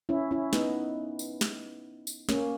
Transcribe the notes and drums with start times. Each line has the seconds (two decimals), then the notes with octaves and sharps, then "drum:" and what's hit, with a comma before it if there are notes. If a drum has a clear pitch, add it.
0.09 C#4 E4
0.31 C#4 E4
0.53 B3 D#4, drum: snare
1.19 drum: tambourine
1.41 drum: snare
2.07 drum: tambourine
2.29 A#3 C#4, drum: snare